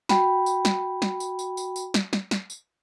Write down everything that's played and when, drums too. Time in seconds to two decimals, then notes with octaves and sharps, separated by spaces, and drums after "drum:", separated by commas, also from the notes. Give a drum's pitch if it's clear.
0.09 F#4 G5 B5, drum: snare
0.46 drum: tambourine
0.65 drum: snare
1.02 drum: snare
1.20 drum: tambourine
1.39 drum: tambourine
1.57 drum: tambourine
1.76 drum: tambourine
1.94 drum: snare
2.13 drum: snare
2.31 drum: snare
2.50 drum: tambourine